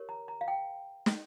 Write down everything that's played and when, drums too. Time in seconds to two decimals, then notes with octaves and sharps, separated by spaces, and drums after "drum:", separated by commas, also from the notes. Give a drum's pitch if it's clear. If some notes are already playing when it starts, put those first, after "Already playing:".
Already playing: G4 A#4 C#5
0.09 A#5
0.28 A#5
0.41 F5
0.48 G5
1.06 drum: snare